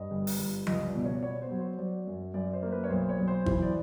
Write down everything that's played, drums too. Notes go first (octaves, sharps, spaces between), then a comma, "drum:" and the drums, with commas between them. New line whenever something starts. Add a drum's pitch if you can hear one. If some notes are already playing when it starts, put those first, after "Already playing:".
Already playing: G2 D#5
G1
drum: open hi-hat
G1
C#2 D#5, drum: tom F3
D5
B2
C#5
D5
B3 C#5
C5
F#3
C5
F#3 D5
F#2
F#2 D5
C5
A#3
B4
C#5
B1 C5
C#5
B1
C5
E3 C5, drum: kick G1
D5